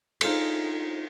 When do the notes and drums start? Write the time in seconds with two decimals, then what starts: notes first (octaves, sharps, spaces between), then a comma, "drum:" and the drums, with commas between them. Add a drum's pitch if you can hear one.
0.21 D#4 F4 G#4 A4, drum: cymbal